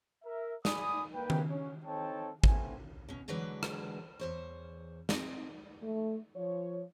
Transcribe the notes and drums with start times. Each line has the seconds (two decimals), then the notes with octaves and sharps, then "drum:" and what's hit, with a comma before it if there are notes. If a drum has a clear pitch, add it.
0.24 A#4 E5
0.65 D5 G#5 B5 D#6, drum: snare
1.14 A#3 B4 G5
1.30 drum: tom D#3
1.48 C#4
1.85 C4 D#4 A4 C#5 G5 A5
2.44 A3 B3 C4 G#5, drum: kick G#1
3.09 B2 C#4
3.28 D3 E3 F#3 G#3 D4 B4
3.63 drum: rim click
4.19 E2 C5 C#5
5.09 C4 D#5, drum: snare
5.83 A3
6.36 F3 C#5